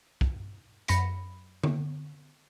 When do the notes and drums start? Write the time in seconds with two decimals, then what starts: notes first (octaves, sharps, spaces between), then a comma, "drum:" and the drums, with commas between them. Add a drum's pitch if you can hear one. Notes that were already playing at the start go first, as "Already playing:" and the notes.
0.21 drum: kick
0.88 F#2 B5 A#6 C#7, drum: hi-hat
1.64 drum: tom D3